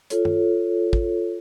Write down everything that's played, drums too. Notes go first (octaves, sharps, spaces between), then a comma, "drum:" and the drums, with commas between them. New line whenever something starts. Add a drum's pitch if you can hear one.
F4 A4 C#5, drum: hi-hat
drum: tom
drum: kick